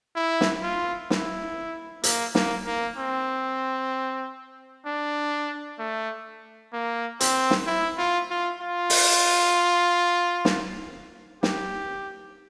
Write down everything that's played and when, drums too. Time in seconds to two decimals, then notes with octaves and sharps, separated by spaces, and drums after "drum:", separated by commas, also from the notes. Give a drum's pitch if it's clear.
0.16 E4
0.41 drum: snare
0.63 F4
1.10 E4, drum: snare
2.04 A#3, drum: hi-hat
2.35 A#3, drum: snare
2.67 A#3
2.98 C4
4.86 D4
5.79 A3
6.73 A#3
7.20 C4, drum: hi-hat
7.51 drum: snare
7.67 E4
7.98 F4
8.30 F4
8.61 F4
8.90 drum: open hi-hat
10.45 drum: snare
11.43 G4, drum: snare